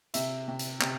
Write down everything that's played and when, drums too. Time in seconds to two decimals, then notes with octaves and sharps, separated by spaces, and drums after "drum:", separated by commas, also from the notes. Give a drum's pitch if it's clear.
0.14 C3 E5, drum: hi-hat
0.48 C3
0.59 drum: hi-hat
0.81 C3, drum: clap